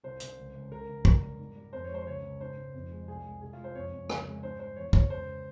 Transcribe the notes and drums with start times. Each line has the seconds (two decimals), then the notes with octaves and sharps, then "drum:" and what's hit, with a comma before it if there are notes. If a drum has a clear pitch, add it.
0.04 C2 C5
0.20 C2, drum: hi-hat
0.37 C#2
0.55 C#2
0.71 C#2 A#4
0.88 C#2
1.05 C#2, drum: kick
1.21 G3
1.39 G#2
1.56 G3
1.73 F2 C5
1.84 C#5
1.90 G#3 C5
2.02 C5
2.06 C#2 C#5
2.23 C#2
2.40 G#2 C5
2.57 G#2
2.74 F2
2.91 G#3
3.07 C2 G#4
3.24 G#3
3.41 C2 G#4
3.53 F4
3.59 G#3
3.64 C5
3.75 F2 C#5
3.92 F2
4.10 C#2, drum: rim click
4.26 G#3
4.43 G#2 C5
4.59 G3 C5
4.76 E2 C#5
4.93 E2 C#5, drum: kick
5.10 C#2 C5